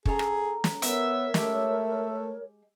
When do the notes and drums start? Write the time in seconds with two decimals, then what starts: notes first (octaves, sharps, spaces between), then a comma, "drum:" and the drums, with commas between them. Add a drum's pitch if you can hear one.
0.06 C#4 G#4 A4 A#5, drum: kick
0.19 drum: rim click
0.64 drum: snare
0.82 B3 A#4 C#5 E5, drum: hi-hat
1.34 G#3 A3 G4, drum: snare